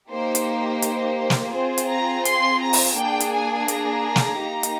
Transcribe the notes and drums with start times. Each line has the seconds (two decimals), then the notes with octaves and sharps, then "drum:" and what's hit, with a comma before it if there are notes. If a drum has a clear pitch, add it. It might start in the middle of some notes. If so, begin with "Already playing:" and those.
0.11 A#3 D#4 G4 C5
0.35 drum: hi-hat
0.82 drum: hi-hat
1.30 drum: snare
1.53 C4 F4 G#4 C5
1.78 drum: hi-hat
1.89 A#5
2.25 C6, drum: hi-hat
2.61 A#5
2.73 drum: open hi-hat
2.96 A#3 D4 G#4 G5
3.20 drum: hi-hat
3.33 G#5
3.68 A#5, drum: hi-hat
4.16 drum: snare
4.39 A#3 D#4 G4
4.63 drum: hi-hat